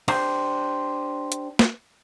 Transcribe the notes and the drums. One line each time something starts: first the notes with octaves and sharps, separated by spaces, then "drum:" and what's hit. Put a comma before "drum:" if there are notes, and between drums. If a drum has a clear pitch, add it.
D4 G4 C5, drum: cymbal
drum: hi-hat
drum: snare